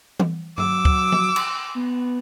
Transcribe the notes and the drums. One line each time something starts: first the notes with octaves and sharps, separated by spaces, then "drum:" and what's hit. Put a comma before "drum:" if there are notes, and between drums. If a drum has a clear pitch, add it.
drum: tom E3
F#3 D6 E6, drum: tom G2
drum: kick
drum: tom F3
drum: cymbal
B3